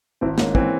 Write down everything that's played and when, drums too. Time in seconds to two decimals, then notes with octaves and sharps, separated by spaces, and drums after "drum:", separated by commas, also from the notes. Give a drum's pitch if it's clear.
0.21 G#1 C4 E4
0.38 G#2 A#3 C#4, drum: snare
0.55 E3 C4, drum: kick